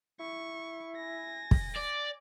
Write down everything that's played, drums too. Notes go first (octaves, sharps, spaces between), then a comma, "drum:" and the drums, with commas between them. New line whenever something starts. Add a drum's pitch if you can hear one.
E4 C#6
G#5 A#6
drum: kick
D5